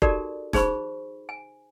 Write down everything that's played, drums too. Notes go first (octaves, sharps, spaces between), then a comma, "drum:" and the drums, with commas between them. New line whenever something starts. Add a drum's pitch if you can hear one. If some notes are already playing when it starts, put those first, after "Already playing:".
D#4 F#4 G4 A4 A#4 D5, drum: kick F1
D#4 G#4 C5 B5 C#6, drum: snare
G#5